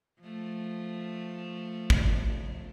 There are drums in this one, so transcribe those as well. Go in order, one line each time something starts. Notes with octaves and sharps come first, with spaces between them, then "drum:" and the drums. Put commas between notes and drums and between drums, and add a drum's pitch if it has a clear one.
F3 A3
drum: kick